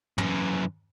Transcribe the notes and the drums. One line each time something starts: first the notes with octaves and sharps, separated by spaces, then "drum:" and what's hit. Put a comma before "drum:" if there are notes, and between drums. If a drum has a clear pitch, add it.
F#2 E3, drum: tom